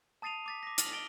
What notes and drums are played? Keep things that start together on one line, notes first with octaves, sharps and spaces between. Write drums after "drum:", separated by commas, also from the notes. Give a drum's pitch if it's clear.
A5 D#6 A6 C7 D#7 F7
D6 A6 B6
D6 A#6
F6 A6 F7 F#7, drum: hi-hat
A6 D7 G7